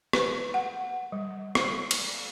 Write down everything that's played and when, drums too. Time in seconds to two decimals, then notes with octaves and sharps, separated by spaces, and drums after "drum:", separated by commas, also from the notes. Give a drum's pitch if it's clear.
0.13 B4, drum: rim click
0.54 F#5
1.12 G3
1.55 drum: rim click
1.91 drum: cymbal